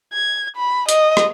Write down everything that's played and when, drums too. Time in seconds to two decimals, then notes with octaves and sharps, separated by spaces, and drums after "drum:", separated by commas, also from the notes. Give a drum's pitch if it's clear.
0.13 G#6
0.56 B5
0.89 D#5, drum: hi-hat
1.17 drum: rim click